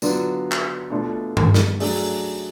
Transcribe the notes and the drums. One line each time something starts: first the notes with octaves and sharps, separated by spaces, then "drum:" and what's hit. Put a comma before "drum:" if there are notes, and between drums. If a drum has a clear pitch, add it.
D3 F#3 B3 D4 F4, drum: tambourine
drum: clap
B2 A3 D4 F4 A4
drum: tom G2
drum: snare
F#3 A3 D4 G#4 D5, drum: open hi-hat